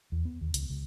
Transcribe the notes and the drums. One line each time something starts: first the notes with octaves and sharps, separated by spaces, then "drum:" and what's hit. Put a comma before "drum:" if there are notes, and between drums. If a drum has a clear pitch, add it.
E2
B3
D#2
C#2, drum: hi-hat
C#2